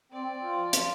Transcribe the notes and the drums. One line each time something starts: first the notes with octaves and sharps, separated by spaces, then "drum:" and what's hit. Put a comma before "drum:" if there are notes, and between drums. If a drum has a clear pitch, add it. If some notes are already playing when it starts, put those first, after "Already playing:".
C4 D5
C4
F4
F3
F4, drum: hi-hat